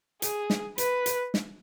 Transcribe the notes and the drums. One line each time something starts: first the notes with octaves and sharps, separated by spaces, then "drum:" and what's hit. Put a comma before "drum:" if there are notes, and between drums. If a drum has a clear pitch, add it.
G#4, drum: hi-hat
drum: snare
B4, drum: hi-hat
drum: hi-hat
drum: snare